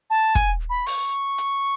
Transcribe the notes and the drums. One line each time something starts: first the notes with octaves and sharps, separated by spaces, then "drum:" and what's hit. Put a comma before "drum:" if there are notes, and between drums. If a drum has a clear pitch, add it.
A5
G#5, drum: kick, hi-hat
B5
C#6, drum: open hi-hat
drum: hi-hat